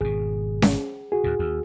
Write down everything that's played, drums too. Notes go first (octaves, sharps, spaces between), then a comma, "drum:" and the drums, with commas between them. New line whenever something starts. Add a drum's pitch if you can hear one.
G#1 B2 G#4
drum: snare C#4
F#4 G#4
D#2 A#2
D#2